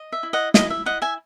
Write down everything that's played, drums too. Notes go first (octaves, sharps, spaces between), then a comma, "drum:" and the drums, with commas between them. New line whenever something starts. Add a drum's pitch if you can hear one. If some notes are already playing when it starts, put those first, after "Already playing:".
Already playing: D#5
E5
E4
D#5 F#5
E4 D#5, drum: snare
E5
E4 D#5 F#5
E5 G#5